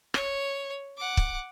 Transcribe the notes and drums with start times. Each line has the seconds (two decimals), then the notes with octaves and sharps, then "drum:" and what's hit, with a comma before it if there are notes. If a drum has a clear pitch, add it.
0.14 C#5, drum: rim click
0.97 F#5 D6
1.17 drum: kick